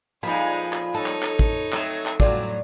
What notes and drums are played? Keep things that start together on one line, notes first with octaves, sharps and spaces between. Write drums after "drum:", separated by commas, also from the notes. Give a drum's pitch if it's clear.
F2 A#2 F3 G#3 D#4 G#4 B5
drum: clap
D#4 A4 C#5
drum: clap
drum: clap
drum: kick
F#3 A3 C4, drum: clap
drum: clap
A2 F#3 C4 F4 D5, drum: kick